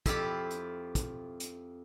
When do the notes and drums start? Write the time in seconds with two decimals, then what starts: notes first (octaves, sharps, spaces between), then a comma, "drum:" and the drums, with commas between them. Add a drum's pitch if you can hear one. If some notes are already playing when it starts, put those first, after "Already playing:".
0.06 F2 E4 F4 G4 B5, drum: kick, hi-hat
0.50 drum: hi-hat
0.95 drum: kick, hi-hat
1.40 drum: hi-hat